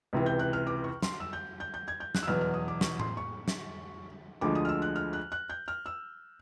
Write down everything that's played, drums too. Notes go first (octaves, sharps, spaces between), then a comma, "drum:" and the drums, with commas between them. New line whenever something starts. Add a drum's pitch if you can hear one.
C#2 C3 E3
G6
F#6
F6
D6
C#6
C6, drum: snare
E6
G6
G6
G6
G#6
G6
F#6, drum: snare
E6
E2 B2 F#3 F6
F6
D#6
D6
C#6, drum: snare
C6, drum: tom A2
C#6
drum: snare
D2 D3 F3 G#3 D6
D#6
F6
E6
F#6
F6
F#6
F#6
G6
F6
E6